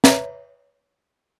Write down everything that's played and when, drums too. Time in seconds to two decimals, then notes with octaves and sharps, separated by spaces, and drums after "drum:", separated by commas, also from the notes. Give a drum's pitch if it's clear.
0.04 B4 C#5 E5 A#5, drum: snare